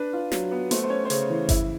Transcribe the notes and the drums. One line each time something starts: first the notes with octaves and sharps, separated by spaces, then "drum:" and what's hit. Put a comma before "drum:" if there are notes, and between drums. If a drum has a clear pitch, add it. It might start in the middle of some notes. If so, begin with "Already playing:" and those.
Already playing: D4 B4
F4
F#3, drum: snare
B3
A3 C5, drum: hi-hat
C5
C#4 C#5
C5
C#3 C#5, drum: hi-hat
E3
E4, drum: kick G1, hi-hat